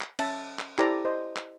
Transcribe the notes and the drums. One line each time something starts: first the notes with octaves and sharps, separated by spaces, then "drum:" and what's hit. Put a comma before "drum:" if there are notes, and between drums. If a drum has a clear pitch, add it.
drum: clap
C#4 E5 A5, drum: cymbal
drum: clap
E4 G4 A4 C5 D5 A#5, drum: clap
C5 D#5
drum: clap